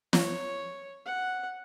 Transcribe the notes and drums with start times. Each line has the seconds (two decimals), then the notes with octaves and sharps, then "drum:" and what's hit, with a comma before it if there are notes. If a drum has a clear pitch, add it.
0.13 C#5, drum: snare
1.05 F#5